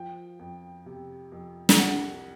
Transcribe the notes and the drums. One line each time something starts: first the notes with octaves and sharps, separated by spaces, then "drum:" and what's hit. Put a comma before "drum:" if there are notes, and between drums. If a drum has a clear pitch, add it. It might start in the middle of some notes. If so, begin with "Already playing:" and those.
Already playing: F3 G5
F2
C3
F2
drum: snare
C2 F#5